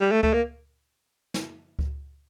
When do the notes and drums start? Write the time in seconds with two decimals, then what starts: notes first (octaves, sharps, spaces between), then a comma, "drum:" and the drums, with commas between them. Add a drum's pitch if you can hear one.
0.01 G3
0.12 A3
0.23 A3, drum: kick C#2
0.34 A#3
1.34 drum: snare
1.79 drum: kick C#2